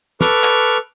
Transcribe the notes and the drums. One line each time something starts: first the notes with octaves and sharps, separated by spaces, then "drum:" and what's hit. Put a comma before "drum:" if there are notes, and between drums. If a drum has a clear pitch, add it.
A4 B4 C#6 D6 F6, drum: snare
drum: clap